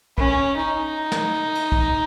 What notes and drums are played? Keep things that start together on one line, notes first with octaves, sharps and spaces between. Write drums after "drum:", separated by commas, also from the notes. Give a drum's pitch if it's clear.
C#4, drum: kick
D#4
drum: snare
drum: cymbal
drum: kick